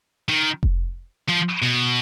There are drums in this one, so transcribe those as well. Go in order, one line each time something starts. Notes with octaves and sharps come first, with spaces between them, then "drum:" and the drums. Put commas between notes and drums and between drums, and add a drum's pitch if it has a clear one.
D#3
drum: kick F1
F3
B2